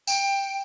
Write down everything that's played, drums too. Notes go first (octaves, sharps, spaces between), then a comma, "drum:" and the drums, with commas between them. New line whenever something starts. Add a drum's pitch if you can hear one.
G5, drum: tambourine